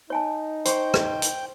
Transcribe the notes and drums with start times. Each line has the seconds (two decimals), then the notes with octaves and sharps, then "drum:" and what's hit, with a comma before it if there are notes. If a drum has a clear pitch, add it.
0.10 D#4 C#5 G#5 A5
0.65 C5 G5 C#6, drum: hi-hat
0.94 drum: rim click
1.22 drum: hi-hat